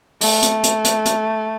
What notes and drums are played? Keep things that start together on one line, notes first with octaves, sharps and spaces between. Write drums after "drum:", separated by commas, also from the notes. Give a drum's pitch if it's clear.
A3, drum: open hi-hat
drum: hi-hat
drum: hi-hat
drum: hi-hat
drum: hi-hat